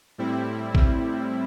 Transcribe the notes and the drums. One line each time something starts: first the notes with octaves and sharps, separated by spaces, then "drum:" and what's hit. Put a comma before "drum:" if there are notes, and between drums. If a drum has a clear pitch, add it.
A2 G3 C4 E4
drum: kick A1